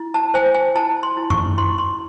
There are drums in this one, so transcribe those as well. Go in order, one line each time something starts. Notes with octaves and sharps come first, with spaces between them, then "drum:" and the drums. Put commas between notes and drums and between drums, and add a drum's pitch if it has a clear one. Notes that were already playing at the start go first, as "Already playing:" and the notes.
Already playing: E4
A5
C5 G#5
G#5
E4 A5
C6
E4
C#6, drum: tom F#2
E4 C6
C6